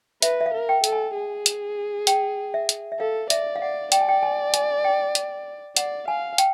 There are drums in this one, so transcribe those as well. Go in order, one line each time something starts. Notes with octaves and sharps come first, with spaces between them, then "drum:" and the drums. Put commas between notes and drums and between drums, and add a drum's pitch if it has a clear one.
B4 E5, drum: hi-hat
E5
F5
A#4
G5
A4, drum: hi-hat
G#5
G#4
drum: hi-hat
G5, drum: hi-hat
E5
drum: hi-hat
E5
A4 F5
D5 E5, drum: hi-hat
F5
D5 F#5
D5 G5, drum: hi-hat
G#5
G5
G#5
G#5, drum: hi-hat
G5
drum: hi-hat
D5 F#5, drum: hi-hat
F5 G#5
G5, drum: hi-hat